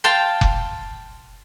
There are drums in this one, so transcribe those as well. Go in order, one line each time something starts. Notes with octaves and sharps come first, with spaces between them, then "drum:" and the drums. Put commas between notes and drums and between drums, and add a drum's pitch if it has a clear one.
F5 G5 A5 C6
drum: kick F1